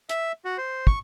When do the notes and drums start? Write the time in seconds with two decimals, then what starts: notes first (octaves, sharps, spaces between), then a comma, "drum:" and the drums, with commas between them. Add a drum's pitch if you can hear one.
0.09 E5, drum: hi-hat
0.45 F#4
0.58 C5
0.87 C#6, drum: kick